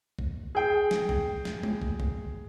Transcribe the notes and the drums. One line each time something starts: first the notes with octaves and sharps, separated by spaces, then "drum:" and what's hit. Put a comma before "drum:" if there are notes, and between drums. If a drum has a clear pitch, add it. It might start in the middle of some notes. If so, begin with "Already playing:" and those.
drum: kick
G#4 G5
drum: snare
drum: kick
drum: snare
drum: tom G#3
drum: kick
drum: kick